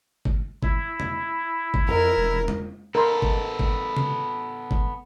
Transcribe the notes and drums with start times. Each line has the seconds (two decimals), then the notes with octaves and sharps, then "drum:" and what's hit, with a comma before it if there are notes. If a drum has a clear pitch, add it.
0.25 drum: kick G1
0.63 E4, drum: kick G1
1.00 drum: tom E2
1.74 drum: kick G1
1.89 F2 A#4
2.17 E1
2.48 drum: tom E2
2.95 B3 A4 A#4 B5 C6
3.22 drum: kick G1
3.59 drum: kick G1
3.97 drum: tom
4.71 drum: kick G1